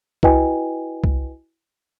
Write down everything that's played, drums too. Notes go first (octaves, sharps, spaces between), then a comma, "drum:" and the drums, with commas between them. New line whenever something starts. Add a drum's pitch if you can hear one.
E4 F#4 B4 D#5 G5 G#5, drum: kick C2
drum: kick C2